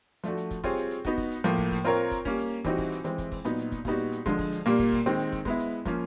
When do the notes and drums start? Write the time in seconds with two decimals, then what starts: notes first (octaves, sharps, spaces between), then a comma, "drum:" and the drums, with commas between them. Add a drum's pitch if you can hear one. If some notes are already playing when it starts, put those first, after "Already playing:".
0.24 F3 A3 D4 F#4, drum: hi-hat
0.37 drum: hi-hat
0.51 drum: kick, hi-hat
0.64 G3 C4 F4 G#4 C#5, drum: kick, open hi-hat
0.77 drum: hi-hat
0.91 drum: hi-hat
1.05 B3 D#4 F#4, drum: kick, hi-hat
1.18 drum: kick, open hi-hat
1.31 drum: hi-hat
1.44 A2 F3 A#3, drum: hi-hat
1.58 drum: kick, hi-hat
1.71 drum: kick, open hi-hat
1.85 C4 F4 A#4 C#5, drum: hi-hat
2.11 drum: kick, hi-hat
2.25 G3 A#3 C#4, drum: kick, open hi-hat
2.38 drum: hi-hat
2.65 E3 G3 C4 D#4 F#4, drum: kick, hi-hat
2.78 drum: kick, open hi-hat
2.92 drum: hi-hat
3.04 E3 G#3 C4, drum: hi-hat
3.18 drum: kick, hi-hat
3.32 drum: kick, open hi-hat
3.45 A#2 F#3 B3 D#4, drum: hi-hat
3.58 drum: hi-hat
3.72 drum: kick, hi-hat
3.85 A#2 G3 B3 D#4 F#4, drum: kick, open hi-hat
4.12 drum: hi-hat
4.26 D3 F3 G#3, drum: kick, hi-hat
4.39 drum: kick, open hi-hat
4.52 drum: hi-hat
4.66 A#2 G3 A#3, drum: hi-hat
4.79 drum: kick, hi-hat
4.92 drum: kick, open hi-hat
5.06 D#3 G#3 C4, drum: hi-hat
5.19 drum: hi-hat
5.32 drum: kick, hi-hat
5.45 G#3 B3 E4, drum: kick, open hi-hat
5.59 drum: hi-hat
5.86 F3 A#3 C#4 F4, drum: kick, hi-hat